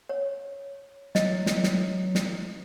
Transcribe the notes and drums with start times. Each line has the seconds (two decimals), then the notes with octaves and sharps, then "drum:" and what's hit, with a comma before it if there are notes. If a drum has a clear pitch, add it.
0.09 C#5
1.15 F#3 D#5, drum: snare
1.46 drum: snare
1.63 drum: snare
2.15 drum: snare